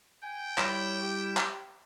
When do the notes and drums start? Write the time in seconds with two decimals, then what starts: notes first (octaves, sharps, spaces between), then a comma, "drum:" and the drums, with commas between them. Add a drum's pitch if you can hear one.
0.23 G5 G#5
0.58 G3 E4 C#5, drum: clap
1.02 G4
1.37 drum: clap